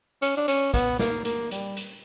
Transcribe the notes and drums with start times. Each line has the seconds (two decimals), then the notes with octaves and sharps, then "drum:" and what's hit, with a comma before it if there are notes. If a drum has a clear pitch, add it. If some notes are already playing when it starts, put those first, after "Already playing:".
0.22 C#4, drum: hi-hat
0.37 D4
0.48 C#4, drum: hi-hat
0.74 B3, drum: kick, hi-hat
0.99 A#3, drum: snare
1.25 A#3, drum: hi-hat
1.51 G3, drum: hi-hat
1.77 drum: hi-hat